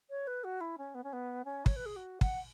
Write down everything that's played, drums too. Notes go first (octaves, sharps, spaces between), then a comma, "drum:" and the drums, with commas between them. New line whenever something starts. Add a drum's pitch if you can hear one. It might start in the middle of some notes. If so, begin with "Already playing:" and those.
C#5
B4
F#4
E4
C#4
B3
C#4
B3
C#4
C#5, drum: kick
B4
G#4
F#4
F#5, drum: kick